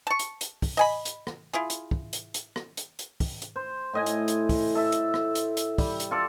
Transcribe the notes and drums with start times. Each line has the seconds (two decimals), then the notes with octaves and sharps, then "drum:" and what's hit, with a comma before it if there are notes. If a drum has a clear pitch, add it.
0.07 A5 C#6
0.19 drum: hi-hat
0.41 drum: hi-hat
0.62 drum: kick, open hi-hat
0.77 D#5 G#5 B5
1.05 drum: hi-hat
1.27 drum: rim click
1.53 E4 F4 G#4
1.70 drum: hi-hat
1.91 drum: kick
2.13 drum: hi-hat
2.34 drum: hi-hat
2.56 drum: rim click
2.77 drum: hi-hat
2.99 drum: hi-hat
3.20 drum: kick, open hi-hat
3.42 drum: hi-hat
3.56 C5
3.93 A2 D#5 G#5
4.06 drum: hi-hat
4.28 drum: hi-hat
4.49 drum: kick, open hi-hat
4.75 A4 E5
4.92 drum: hi-hat
5.14 drum: rim click
5.35 drum: hi-hat
5.57 drum: hi-hat
5.78 G3, drum: kick, open hi-hat
6.00 drum: hi-hat
6.11 F4 A4 D5